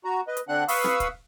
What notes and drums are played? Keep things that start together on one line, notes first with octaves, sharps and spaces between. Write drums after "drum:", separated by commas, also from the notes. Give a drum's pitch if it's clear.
F#4 A#5
B4 D#5
drum: hi-hat
D3 C4 D4 F#5 F#6
B4 F5 B5 C#6 D#6 E6, drum: open hi-hat
drum: snare C4
drum: kick, hi-hat